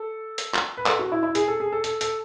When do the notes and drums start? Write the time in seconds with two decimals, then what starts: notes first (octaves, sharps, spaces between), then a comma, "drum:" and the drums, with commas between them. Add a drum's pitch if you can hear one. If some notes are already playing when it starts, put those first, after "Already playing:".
Already playing: A4
0.38 drum: hi-hat
0.54 drum: clap
0.77 B4
0.87 A4, drum: clap
0.99 F#4
1.12 E4
1.23 E4
1.35 G#4, drum: hi-hat
1.48 A4
1.60 G#4
1.72 A4
1.84 A4, drum: hi-hat
2.01 A4, drum: hi-hat